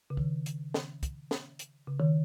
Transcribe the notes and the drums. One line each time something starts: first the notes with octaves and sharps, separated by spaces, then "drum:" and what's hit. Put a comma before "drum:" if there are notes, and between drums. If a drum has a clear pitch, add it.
C#3
D#3, drum: kick
drum: hi-hat
drum: snare
drum: kick, hi-hat
drum: snare
drum: hi-hat
C#3
D#3